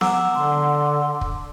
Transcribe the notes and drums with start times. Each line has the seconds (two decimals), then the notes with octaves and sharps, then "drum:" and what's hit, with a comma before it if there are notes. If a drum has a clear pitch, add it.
0.01 F#5 A#5 D6 E6, drum: snare B3
0.35 D3 C6
1.21 drum: kick